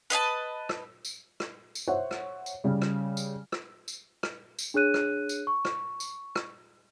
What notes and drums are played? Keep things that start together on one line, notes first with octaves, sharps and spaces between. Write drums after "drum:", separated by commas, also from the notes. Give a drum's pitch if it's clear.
B4 D#5 G5 A5
drum: rim click
drum: tambourine
drum: rim click
drum: tambourine
C5 C#5 E5 F#5
drum: rim click
drum: tambourine
C#3 G3
drum: rim click
drum: tambourine
drum: rim click
drum: tambourine
drum: rim click
drum: tambourine
D4 G#4 C#5 F#6 D#7
drum: rim click
drum: tambourine
C#6
drum: rim click
drum: tambourine
drum: rim click